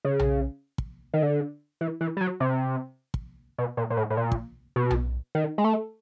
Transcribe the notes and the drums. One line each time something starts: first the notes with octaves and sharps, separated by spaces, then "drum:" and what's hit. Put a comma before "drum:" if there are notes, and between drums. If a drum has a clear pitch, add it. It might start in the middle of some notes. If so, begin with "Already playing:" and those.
C#3
drum: tom B1
drum: kick
D#3
D3
E3
E3
G3
F#3
C3
drum: kick
B2
A#2
A#2
A2
A2
A#2
drum: kick
B2
drum: tom B1
D#3
G#3
A3